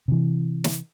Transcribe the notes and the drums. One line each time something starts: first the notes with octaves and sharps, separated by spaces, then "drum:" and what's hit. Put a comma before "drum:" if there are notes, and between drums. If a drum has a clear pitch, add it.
C3 E3
drum: snare